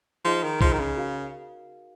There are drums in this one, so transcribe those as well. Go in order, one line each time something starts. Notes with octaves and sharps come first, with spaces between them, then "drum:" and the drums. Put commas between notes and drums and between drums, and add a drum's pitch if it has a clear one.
F3 D#4 G#4 D#5 A#5
D#3
F3 D#4 G#4 D#5 A#5, drum: kick B1
D#3
C#3
F#4 A#4 F5